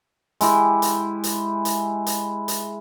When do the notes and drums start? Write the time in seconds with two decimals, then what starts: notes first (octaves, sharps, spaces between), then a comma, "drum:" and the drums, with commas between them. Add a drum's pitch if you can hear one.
0.41 G#3 E4 G4, drum: hi-hat
0.82 drum: hi-hat
1.24 drum: hi-hat
1.65 drum: hi-hat
2.06 drum: hi-hat
2.48 drum: hi-hat